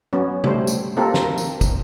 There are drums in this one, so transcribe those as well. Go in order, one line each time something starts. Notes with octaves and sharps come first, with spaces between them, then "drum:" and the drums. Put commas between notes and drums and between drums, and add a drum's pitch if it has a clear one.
F#3 B3 C#4
G3 A3 C5, drum: tom C3
drum: tambourine
A#3 C4 F4 G4 A4 A#4
drum: snare
A#4
drum: tambourine
drum: kick, tambourine